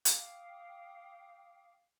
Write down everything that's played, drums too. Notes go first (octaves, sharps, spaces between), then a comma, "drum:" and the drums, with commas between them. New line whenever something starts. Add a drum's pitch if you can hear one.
F5 G5 D6 D#6, drum: hi-hat